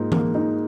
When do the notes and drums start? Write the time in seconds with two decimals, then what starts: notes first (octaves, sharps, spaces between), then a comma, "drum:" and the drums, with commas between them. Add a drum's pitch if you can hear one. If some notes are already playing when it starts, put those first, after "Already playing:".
Already playing: G#2 F3 A#3 D#4
0.12 A#3, drum: tom E3
0.35 D#4